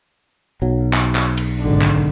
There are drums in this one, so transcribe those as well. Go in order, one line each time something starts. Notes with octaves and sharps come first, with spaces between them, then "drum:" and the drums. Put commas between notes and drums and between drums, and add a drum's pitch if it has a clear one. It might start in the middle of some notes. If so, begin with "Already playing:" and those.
B1 F#3
drum: clap
drum: clap
drum: cymbal
G#1 D3
drum: clap